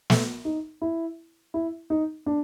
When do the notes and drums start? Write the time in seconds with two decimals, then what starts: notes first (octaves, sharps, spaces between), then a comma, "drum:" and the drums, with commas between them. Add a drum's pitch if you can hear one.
0.10 A3, drum: snare
0.45 D#4
0.82 E4
1.54 E4
1.90 D#4
2.26 D4